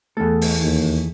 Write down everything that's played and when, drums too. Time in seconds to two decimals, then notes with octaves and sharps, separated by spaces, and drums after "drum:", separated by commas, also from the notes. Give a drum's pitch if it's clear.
0.17 E2 A3 A4
0.41 drum: open hi-hat
0.61 D#2